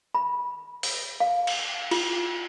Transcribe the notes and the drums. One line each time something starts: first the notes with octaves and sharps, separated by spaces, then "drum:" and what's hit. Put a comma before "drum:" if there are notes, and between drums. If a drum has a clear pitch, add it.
B5
drum: open hi-hat
F5
drum: cymbal
F4, drum: cymbal